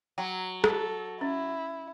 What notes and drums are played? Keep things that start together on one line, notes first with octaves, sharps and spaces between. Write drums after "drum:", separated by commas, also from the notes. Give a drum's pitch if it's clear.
F#3 G5
A4, drum: rim click
C#4 E4